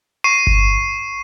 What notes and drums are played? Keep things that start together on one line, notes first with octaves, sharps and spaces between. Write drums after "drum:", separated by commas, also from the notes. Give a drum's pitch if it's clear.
C#6 C7 D#7
drum: kick G1